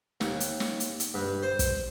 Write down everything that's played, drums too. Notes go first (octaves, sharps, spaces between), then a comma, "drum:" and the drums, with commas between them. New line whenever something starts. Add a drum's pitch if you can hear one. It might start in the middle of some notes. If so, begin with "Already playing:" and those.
D#2, drum: snare
drum: hi-hat
drum: snare
drum: hi-hat
drum: hi-hat
G2
C5
drum: kick, hi-hat